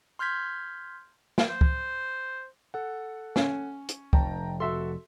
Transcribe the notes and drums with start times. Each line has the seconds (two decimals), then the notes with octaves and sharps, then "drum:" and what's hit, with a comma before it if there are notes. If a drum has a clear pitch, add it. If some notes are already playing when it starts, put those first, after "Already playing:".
0.19 C6 F6 G6 G#6 B6
1.38 drum: snare
1.49 C5
1.61 drum: kick C#2
2.74 A4 F#5
3.36 C#4, drum: snare
3.89 drum: hi-hat
4.13 F1 G5 A5 A#5, drum: kick C#2
4.60 F#4 A4 E5 C6